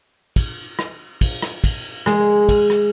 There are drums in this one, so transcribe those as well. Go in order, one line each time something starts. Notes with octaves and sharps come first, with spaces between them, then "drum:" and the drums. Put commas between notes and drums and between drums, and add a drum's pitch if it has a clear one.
drum: kick, cymbal
drum: rim click
drum: kick, cymbal
drum: rim click
drum: kick, cymbal
G#3, drum: rim click
drum: kick, cymbal
drum: rim click